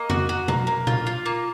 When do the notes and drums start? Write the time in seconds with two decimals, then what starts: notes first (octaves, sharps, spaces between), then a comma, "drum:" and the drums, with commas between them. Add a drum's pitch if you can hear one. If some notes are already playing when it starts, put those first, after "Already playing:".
Already playing: A#3 D#5
0.10 F#4, drum: tom F2
0.29 F#4
0.48 A#3, drum: tom B2
0.67 A#3
0.87 F4, drum: tom A#2
1.07 F4
1.26 A#3